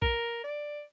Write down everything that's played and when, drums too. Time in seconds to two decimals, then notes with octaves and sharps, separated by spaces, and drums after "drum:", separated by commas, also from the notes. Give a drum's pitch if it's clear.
0.02 A#4, drum: kick A#1
0.44 D5